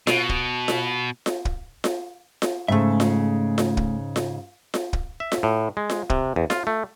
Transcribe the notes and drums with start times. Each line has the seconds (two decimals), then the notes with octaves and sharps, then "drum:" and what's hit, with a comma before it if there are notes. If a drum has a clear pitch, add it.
0.07 B2, drum: snare F4
0.29 drum: kick
0.68 drum: snare F4
1.26 drum: snare F4
1.45 drum: kick
1.84 drum: snare F4
2.42 drum: snare F4
2.68 G#2 C#3 A3 E5
3.00 drum: snare F4
3.58 drum: snare F4
3.77 drum: kick
4.16 drum: snare F4
4.74 drum: snare F4
4.93 drum: kick
5.20 E5
5.32 drum: snare F4
5.43 A2
5.77 G#3
5.90 drum: snare F4
6.10 C3, drum: kick
6.36 E2
6.50 F4, drum: snare F4
6.67 A3